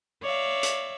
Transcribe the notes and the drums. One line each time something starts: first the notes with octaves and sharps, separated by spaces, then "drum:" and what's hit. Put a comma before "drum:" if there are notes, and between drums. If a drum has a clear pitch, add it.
C#5 D5 E5 F5
drum: hi-hat